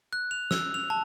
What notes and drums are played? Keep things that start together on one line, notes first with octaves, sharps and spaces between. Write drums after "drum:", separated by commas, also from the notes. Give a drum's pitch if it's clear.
F#6
F7
E6, drum: snare
F7
A5